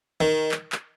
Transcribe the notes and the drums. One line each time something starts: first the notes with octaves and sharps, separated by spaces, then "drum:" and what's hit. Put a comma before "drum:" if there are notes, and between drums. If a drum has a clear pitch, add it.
D#3
drum: clap
drum: clap